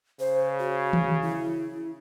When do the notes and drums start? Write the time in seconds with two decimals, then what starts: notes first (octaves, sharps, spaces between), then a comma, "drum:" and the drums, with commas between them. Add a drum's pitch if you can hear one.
0.20 C#3 C5
0.59 F#4
0.93 drum: tom D#3
1.22 E4